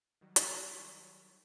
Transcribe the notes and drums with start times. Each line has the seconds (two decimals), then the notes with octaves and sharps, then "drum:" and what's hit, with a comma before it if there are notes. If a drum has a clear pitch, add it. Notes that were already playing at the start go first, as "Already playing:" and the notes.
0.21 D#3 F#3 G3
0.36 drum: hi-hat